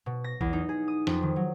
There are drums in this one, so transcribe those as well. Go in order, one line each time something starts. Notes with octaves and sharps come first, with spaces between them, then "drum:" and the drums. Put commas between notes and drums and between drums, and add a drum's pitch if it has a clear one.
B2
A#6
E2, drum: kick A#1
D#4
G#4
D#6
F2, drum: snare
D#3
F#3